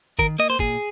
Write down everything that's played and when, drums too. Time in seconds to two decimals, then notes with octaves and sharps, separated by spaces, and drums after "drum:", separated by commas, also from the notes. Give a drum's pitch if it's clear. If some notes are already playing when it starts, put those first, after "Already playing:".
0.19 D#3 A#4, drum: kick
0.39 A#3 D#5
0.50 C5
0.59 A#2 G#4, drum: kick